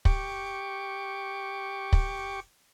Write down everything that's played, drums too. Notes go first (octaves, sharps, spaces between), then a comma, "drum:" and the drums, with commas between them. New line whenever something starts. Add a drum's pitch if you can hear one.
G4 C#6 D6, drum: kick
drum: kick